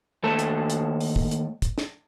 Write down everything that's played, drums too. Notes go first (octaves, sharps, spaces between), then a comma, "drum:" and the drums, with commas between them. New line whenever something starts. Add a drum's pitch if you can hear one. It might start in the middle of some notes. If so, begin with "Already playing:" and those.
D#2 A3 A4 A5
drum: hi-hat
drum: hi-hat
drum: open hi-hat
drum: kick
drum: hi-hat
drum: kick, hi-hat
drum: snare